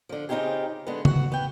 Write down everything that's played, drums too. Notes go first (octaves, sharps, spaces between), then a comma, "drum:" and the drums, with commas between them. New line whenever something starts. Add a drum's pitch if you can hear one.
D3 F3
C#3 C4 D#4 F4 G4 G#4
D3 G#3 B3
F#4 F#5, drum: tom C#3
B3 G5